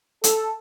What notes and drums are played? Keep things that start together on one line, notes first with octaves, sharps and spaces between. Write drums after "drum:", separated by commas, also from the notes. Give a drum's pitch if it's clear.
A4, drum: hi-hat